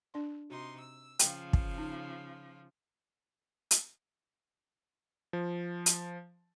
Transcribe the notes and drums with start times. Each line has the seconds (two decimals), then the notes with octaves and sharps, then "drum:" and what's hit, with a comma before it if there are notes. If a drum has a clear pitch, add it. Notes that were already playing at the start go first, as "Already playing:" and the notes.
0.14 D4 D5 C6
0.50 C3 D#4 F#4 C6
0.80 E6
1.19 C#3 F3 F4 G5, drum: hi-hat
1.53 drum: kick
1.78 D#4
3.71 drum: hi-hat
5.33 F3
5.86 drum: hi-hat